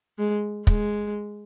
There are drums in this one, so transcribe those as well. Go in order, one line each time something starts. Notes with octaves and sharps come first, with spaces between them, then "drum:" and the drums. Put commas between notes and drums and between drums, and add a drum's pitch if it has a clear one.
G#3
G#3, drum: kick